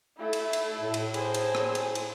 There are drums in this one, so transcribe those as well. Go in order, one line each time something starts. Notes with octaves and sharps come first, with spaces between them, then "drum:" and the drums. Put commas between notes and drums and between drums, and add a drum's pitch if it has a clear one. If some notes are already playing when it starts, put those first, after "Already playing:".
A3 E4
drum: cymbal
drum: cymbal
A2
drum: cymbal
G#4 C5, drum: cymbal
drum: cymbal
drum: rim click
drum: cymbal
drum: cymbal